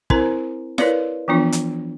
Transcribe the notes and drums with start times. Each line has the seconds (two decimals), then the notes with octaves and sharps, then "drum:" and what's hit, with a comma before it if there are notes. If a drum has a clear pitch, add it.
0.10 C4 E4 A#4 C5 A#5, drum: kick
0.78 E4 A#4 B4 C#5 D5 F5, drum: snare
1.28 E3 F3 B3 D4 F4
1.52 drum: hi-hat